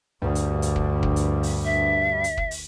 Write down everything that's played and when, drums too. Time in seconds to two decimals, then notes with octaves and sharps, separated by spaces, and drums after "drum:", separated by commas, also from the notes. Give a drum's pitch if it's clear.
0.22 D2 G2
0.35 drum: hi-hat
0.62 drum: hi-hat
0.76 drum: kick
1.03 drum: kick
1.16 drum: hi-hat
1.43 drum: open hi-hat
1.65 E5
2.24 drum: hi-hat
2.37 drum: kick
2.51 drum: open hi-hat